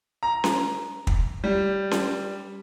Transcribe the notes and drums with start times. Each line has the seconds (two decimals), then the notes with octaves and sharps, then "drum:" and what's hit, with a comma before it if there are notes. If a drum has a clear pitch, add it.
0.23 A#5
0.44 drum: snare C#4
1.07 drum: kick
1.44 G3
1.91 drum: snare C#4